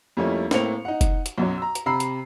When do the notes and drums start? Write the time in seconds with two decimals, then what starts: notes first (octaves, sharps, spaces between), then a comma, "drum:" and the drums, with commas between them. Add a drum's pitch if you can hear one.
0.17 F2 G3 A3 A#3 C#4 E4
0.51 A2 A3 A#3 C4 C#7 F7, drum: snare
0.85 D#4 F#5
1.01 drum: kick, hi-hat
1.26 drum: hi-hat
1.38 B1 F#2 F#3
1.58 A#5 E6
1.75 drum: hi-hat
1.86 C3 A#5 B5 E6 C7
2.00 drum: hi-hat